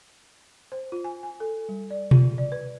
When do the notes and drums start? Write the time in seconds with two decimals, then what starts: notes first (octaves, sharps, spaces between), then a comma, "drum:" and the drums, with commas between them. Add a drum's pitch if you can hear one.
0.72 C5
0.92 F4
1.04 G#5
1.23 G#5
1.40 A4
1.69 G3
1.90 D5
2.11 F4, drum: tom B2
2.38 D5
2.52 B4